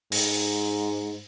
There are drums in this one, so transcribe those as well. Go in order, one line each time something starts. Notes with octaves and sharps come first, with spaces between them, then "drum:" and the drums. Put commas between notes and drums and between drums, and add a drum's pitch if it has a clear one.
G#2, drum: open hi-hat